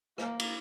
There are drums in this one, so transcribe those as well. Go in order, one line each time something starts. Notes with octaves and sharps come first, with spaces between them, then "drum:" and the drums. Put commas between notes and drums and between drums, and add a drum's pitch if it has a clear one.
A#3, drum: rim click
drum: cymbal